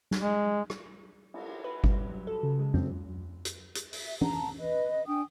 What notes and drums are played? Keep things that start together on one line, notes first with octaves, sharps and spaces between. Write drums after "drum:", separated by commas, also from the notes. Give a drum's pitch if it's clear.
drum: snare
G#3
drum: rim click
drum: cymbal
B4
G3, drum: kick G1
F#3
A4
C#3
G#3
C4, drum: tom F2
drum: hi-hat
drum: hi-hat
E5, drum: open hi-hat
F#5 A5 A#5, drum: tom
B4 D#5
D4 G5 G#5 D#6